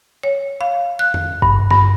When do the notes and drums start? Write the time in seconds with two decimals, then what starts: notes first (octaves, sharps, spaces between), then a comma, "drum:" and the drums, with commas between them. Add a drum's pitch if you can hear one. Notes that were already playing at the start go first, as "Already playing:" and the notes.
0.23 C#5
0.61 F5
0.99 F#6
1.14 drum: tom F2
1.42 G2, drum: kick
1.71 G2, drum: snare